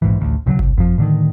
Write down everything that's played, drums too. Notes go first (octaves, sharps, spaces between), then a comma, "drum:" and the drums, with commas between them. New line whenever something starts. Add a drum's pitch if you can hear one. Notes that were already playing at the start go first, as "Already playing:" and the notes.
A#1 G#2 E3
A1 D2
B1 C#3 F3 F#3
C2, drum: kick G1
F2 F3
A2 D3 D#3